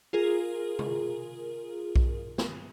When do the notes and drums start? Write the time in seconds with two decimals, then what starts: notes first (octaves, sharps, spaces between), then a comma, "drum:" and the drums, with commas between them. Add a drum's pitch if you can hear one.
0.13 F4 G#4 A#4
0.79 drum: tom C3
1.96 drum: kick B1
2.38 drum: snare